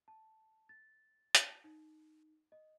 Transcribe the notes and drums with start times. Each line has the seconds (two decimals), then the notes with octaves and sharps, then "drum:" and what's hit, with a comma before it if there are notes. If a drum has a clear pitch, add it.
0.08 A5
0.69 A6
1.35 A5, drum: hi-hat
1.64 D#4
2.52 D#5